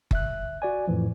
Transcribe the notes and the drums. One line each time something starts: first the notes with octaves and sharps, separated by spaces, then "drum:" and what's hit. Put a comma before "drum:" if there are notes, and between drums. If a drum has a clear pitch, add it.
G1 E5 F#6, drum: kick F#1
F#4 D5 G#5
F2 A2 E3 F3